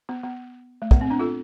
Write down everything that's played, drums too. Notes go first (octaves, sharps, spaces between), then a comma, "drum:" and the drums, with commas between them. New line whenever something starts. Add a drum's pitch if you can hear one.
B3
B3
A3
B3, drum: kick
C4
B3 D4
F4 A4